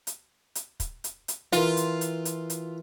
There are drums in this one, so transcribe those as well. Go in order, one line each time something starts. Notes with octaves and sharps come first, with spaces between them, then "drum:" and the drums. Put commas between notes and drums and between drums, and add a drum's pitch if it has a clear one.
drum: hi-hat
drum: hi-hat
drum: kick, hi-hat
drum: hi-hat
drum: hi-hat
E3 F4 A#4, drum: hi-hat
drum: hi-hat
drum: hi-hat
drum: hi-hat
drum: hi-hat